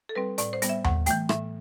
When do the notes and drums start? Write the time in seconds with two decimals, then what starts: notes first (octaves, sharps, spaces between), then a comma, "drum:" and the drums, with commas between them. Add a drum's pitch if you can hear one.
0.09 A4
0.15 G3 C4 B4
0.38 A2 D5, drum: hi-hat
0.53 C5
0.62 G3 B3, drum: hi-hat
0.69 E5
0.84 A2 F#5, drum: tom D#2
1.06 E3 A3 G5, drum: hi-hat
1.29 A2 E5, drum: rim click